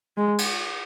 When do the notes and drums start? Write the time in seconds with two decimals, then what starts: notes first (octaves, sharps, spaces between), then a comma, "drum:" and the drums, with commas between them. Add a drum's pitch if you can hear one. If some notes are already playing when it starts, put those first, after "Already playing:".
0.18 G#3
0.38 drum: cymbal